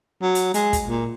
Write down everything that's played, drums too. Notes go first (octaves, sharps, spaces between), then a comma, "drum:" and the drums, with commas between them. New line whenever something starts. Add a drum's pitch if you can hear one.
F#3
drum: hi-hat
G#3, drum: hi-hat
drum: kick, hi-hat
A#2